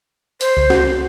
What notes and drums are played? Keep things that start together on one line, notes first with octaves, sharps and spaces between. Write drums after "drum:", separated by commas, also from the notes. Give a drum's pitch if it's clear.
C5, drum: hi-hat
C#2
F#4, drum: snare